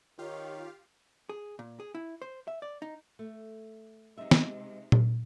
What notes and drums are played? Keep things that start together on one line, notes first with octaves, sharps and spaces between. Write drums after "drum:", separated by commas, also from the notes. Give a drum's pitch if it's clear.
D#3 F4 G4 C#5 F5
G#4
A#2
G#4
E4
C5
E5
D5
D#4
A3
C3 G#3 D#4 D#5 E5
drum: snare
drum: tom A#2